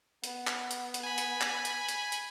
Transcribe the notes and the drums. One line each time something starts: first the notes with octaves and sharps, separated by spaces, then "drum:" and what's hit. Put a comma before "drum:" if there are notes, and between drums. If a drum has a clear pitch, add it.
B3, drum: hi-hat
drum: clap
drum: hi-hat
drum: hi-hat
G#5 B5
drum: hi-hat
drum: clap
drum: hi-hat
drum: hi-hat
drum: hi-hat